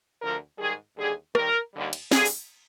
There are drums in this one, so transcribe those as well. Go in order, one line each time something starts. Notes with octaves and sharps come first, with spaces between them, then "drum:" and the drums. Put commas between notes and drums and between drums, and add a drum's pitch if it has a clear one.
D2 D3 F3 A#4
G#2 D#3 G3 G#4
D#2 D3 G3 G#4
D#2 D#3 G3 A#4, drum: rim click
D#2 D3 G3
drum: cymbal
G2 D3 F3 G#4, drum: snare
drum: open hi-hat